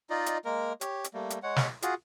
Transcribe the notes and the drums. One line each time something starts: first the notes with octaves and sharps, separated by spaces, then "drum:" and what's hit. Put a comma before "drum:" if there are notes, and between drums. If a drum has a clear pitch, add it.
D#4 F4 D5 D#5
drum: hi-hat
G#3 A#3 A#4
G4 C#5, drum: hi-hat
drum: hi-hat
G3 A3 A#3
drum: hi-hat
G#3 C#5 F#5
drum: snare
F4 F#4 G#4, drum: hi-hat